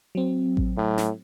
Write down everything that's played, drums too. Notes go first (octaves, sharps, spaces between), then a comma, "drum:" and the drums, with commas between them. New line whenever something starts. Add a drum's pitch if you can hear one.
F#3 C4
drum: kick A1
A2
drum: snare